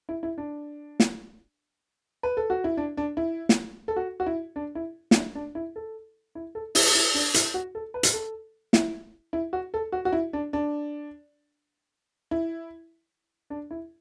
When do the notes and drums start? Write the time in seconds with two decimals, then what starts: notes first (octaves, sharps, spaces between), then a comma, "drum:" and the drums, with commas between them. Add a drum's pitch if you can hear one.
0.09 E4
0.23 E4
0.38 D4
1.00 drum: snare
2.23 B4
2.37 A4
2.50 F#4
2.64 E4
2.77 D4
2.97 D4
3.17 E4
3.49 drum: snare
3.88 A4
3.96 F#4
4.20 F#4
4.26 E4
4.56 D4
4.75 E4
5.11 D4, drum: snare
5.15 E4
5.35 D4
5.55 E4
5.76 A4
6.35 E4
6.55 A4
6.75 E4, drum: open hi-hat
6.95 E4
7.14 D4
7.34 E4, drum: hi-hat
7.54 F#4
7.75 A4
7.94 B4
8.03 drum: hi-hat
8.14 A4
8.73 E4, drum: snare
9.33 E4
9.53 F#4
9.74 A4
9.92 F#4
10.05 F#4
10.13 E4
10.33 D4
10.53 D4
12.31 E4
13.50 D4
13.71 E4